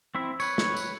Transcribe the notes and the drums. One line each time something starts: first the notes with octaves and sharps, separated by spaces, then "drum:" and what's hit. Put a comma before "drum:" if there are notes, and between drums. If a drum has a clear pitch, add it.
C4 E4 E5
B4 C#5, drum: tambourine
drum: snare
drum: tambourine